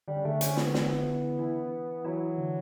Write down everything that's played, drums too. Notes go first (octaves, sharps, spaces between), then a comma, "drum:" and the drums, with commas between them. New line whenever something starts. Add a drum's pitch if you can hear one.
D3 G3
C#3
D3 A3
C#4, drum: hi-hat
B3, drum: snare
E3, drum: snare
E3
E3 F#3
D3